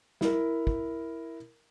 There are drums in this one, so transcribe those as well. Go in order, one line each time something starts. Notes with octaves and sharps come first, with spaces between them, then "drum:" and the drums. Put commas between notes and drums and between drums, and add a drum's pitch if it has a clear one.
E4 A#4, drum: snare
drum: kick